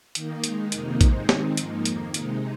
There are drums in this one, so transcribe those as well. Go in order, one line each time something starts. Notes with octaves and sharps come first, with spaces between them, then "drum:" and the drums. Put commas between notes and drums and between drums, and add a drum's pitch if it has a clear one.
D#3 A#3 D#4, drum: hi-hat
D#3 G#3 D#4, drum: hi-hat
F2 C3 D#3 A#3 D#4, drum: hi-hat
G#2 G#3 C4 D#4, drum: kick, hi-hat
D#3 G#3 C4 D#4, drum: snare
G#2 F3 A#3 D#4, drum: hi-hat
F2 D#3 A#3, drum: hi-hat
C3 G#3 D#4, drum: hi-hat